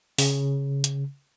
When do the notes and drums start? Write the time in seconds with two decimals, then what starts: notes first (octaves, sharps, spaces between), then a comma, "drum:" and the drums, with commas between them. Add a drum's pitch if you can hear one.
0.18 C#3, drum: open hi-hat
0.84 drum: hi-hat